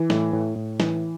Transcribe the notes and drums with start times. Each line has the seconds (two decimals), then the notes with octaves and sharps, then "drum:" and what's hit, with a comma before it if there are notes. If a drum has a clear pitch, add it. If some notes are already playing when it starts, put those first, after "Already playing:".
Already playing: E3
0.10 A2, drum: snare
0.33 A2
0.56 A2
0.80 E3, drum: snare